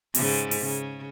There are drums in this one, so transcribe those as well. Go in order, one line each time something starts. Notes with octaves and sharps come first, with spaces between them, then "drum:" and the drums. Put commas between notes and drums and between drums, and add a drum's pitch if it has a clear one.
G#2 C#3, drum: open hi-hat
drum: open hi-hat
C#3